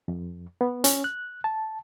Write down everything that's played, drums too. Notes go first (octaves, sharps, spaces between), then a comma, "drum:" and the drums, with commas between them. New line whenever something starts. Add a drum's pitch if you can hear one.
F2
B3
C#4, drum: hi-hat
F#6
A5